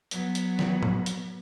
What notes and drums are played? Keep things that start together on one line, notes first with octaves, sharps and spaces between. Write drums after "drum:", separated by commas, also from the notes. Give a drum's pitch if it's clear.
F#3 B3, drum: hi-hat
drum: hi-hat
drum: snare
drum: tom
drum: hi-hat